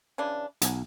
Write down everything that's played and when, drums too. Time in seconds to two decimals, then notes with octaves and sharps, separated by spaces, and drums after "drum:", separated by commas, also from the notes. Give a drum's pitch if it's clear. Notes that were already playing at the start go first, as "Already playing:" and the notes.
0.18 C#3 E3 D4
0.62 B1 F#4 G#5, drum: hi-hat